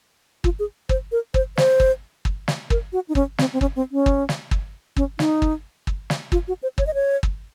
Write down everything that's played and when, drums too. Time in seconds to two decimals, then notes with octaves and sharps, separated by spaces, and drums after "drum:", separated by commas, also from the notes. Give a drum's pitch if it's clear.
0.44 F4, drum: kick
0.59 G#4
0.89 C5, drum: kick
1.12 A#4
1.34 C5, drum: kick
1.57 C5, drum: snare
1.80 drum: kick
2.25 drum: kick
2.48 drum: snare
2.70 A#4, drum: kick
2.93 F#4
3.08 D#4
3.15 C#4, drum: kick
3.38 C4, drum: snare
3.53 C4
3.61 C#4, drum: kick
3.76 C4
3.92 C#4
4.06 drum: kick
4.29 drum: snare
4.51 drum: kick
4.97 C#4, drum: kick
5.19 D#4, drum: snare
5.42 drum: kick
5.87 drum: kick
6.10 drum: snare
6.32 F4, drum: kick
6.48 F#4
6.63 C5
6.78 C#5, drum: kick
6.87 D#5
6.94 C#5
7.23 drum: kick